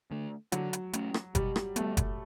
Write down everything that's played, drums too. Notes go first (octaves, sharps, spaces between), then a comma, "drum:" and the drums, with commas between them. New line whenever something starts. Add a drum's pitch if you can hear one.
D3 A3
D3 F#3, drum: hi-hat
drum: hi-hat
A3 C#4, drum: hi-hat
drum: rim click
B2 G3, drum: kick F#1, hi-hat
drum: rim click
G3 A3 B3, drum: hi-hat
drum: kick F#1, hi-hat